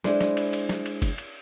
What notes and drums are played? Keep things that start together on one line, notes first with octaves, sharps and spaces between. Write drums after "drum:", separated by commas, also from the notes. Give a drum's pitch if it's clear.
G#3 D4 E4 C5, drum: snare
drum: snare
drum: cymbal
drum: cymbal
drum: snare
drum: cymbal
drum: kick G1, cymbal
drum: cymbal